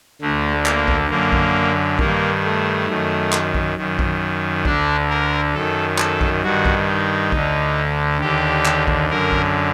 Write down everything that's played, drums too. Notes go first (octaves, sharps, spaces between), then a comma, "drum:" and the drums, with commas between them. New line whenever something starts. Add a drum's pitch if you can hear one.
D2 D3 A3
A#3, drum: clap
drum: kick A#1
F#2 D3 A#3
drum: kick A#1
G2 D#3 A#3, drum: kick A#1
A3
F#2 D#3
drum: clap
drum: kick A#1
F#2 D#3
drum: kick A#1
D2 D3 D4, drum: kick A#1
A#4
F#2 D#3 A4
A4, drum: clap
drum: kick A#1
G2 D#3 F#4
drum: kick A#1
D#4
D2 D3, drum: kick A#1
D#2 D3 G4
drum: clap
drum: kick A#1
F#2 D3 A#4
drum: kick A#1